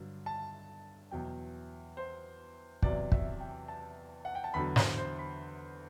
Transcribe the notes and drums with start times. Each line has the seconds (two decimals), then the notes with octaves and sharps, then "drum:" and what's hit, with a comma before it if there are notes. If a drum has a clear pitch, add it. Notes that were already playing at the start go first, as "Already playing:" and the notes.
Already playing: G2 D3 F#3
0.26 A5
1.11 E2 B2 F#3 G5
1.97 C5
2.82 E2 C3 F#3 D5, drum: kick
3.12 E5, drum: kick
3.40 G5
3.68 A5
4.25 F#5
4.35 G5
4.44 A5
4.54 E2 D3 F#3 B5
4.76 C5, drum: snare
4.98 C5
5.19 B5